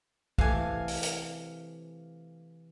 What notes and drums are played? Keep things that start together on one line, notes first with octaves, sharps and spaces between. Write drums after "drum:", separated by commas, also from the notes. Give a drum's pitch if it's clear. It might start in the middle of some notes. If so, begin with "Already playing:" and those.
C3 E3 A3 F5 G#5, drum: kick
drum: open hi-hat
drum: hi-hat